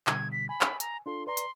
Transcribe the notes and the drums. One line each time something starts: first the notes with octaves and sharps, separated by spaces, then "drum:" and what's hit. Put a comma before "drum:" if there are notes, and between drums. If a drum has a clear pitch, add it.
B2 D3 G3 G#6, drum: clap
B6
G#5 B5
drum: clap
A#5, drum: hi-hat
D4 F4 A4 C6
B4 D5 A#5 C6
drum: hi-hat